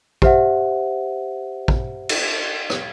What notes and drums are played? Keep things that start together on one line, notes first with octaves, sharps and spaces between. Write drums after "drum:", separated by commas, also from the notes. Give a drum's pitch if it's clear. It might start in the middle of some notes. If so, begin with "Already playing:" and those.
G4 C5 E5 F#5, drum: kick
drum: kick
drum: cymbal
drum: rim click